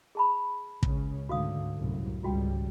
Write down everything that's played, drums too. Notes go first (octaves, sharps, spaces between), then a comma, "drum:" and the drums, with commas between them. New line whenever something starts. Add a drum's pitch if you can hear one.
G#4 A5 B5
C#2 C#3 C#4, drum: kick
D2 G#2 D3 F#4 F5 D#6
C2 F#2 A2
G#1 C#2 G3 F4 F#4 G5